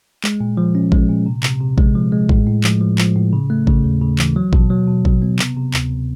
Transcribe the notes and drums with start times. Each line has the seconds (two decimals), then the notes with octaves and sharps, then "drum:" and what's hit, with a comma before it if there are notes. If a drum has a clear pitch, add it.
0.24 G#3, drum: clap
0.41 A#2
0.57 F3
0.75 C#4
0.92 G#3, drum: kick A1
1.09 A#2
1.26 C3
1.43 C3, drum: clap
1.61 C3
1.78 G#3, drum: kick A1
1.95 F3
2.12 G#3
2.29 A2, drum: kick A1
2.47 A2
2.64 F3, drum: clap
2.81 F3
2.98 F3, drum: clap
3.15 A2
3.33 C#3
3.50 A3
3.67 C#3, drum: kick A1
3.84 D#2
4.02 C#3
4.19 E3, drum: clap
4.36 F#3
4.53 B2, drum: kick A1
4.70 F#3
4.88 B2
5.05 F#3, drum: kick A1
5.22 B3
5.39 C3, drum: clap
5.57 C3
5.74 D2, drum: clap